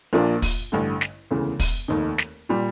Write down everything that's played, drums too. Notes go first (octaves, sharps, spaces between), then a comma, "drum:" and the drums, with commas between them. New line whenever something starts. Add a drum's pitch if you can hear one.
A#1 A#2 F3 A#3 D4
drum: kick, open hi-hat
A1 G2 D3
drum: snare
E1 D2 C#3 E3
drum: kick, open hi-hat
F1 D#2 D#3
drum: snare
A#2 G3